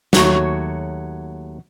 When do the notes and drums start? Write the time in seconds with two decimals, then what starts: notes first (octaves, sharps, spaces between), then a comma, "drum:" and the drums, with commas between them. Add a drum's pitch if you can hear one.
0.13 D#2 F#3 A3 F#4 C#5, drum: snare